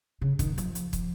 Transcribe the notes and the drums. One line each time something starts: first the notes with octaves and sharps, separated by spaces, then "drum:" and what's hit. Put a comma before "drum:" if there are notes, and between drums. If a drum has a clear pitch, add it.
C#3
D#3, drum: kick, hi-hat
F3, drum: hi-hat
drum: hi-hat
drum: kick, hi-hat